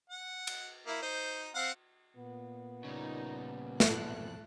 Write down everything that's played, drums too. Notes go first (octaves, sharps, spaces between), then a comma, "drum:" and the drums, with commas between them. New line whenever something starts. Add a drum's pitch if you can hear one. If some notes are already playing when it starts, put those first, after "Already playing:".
F#5
drum: cymbal
A#3 E4
D#4 C5
C4 F5 F#5
A#2 B3
C#3 G3 D#4
F2 B2 A4 F#6, drum: snare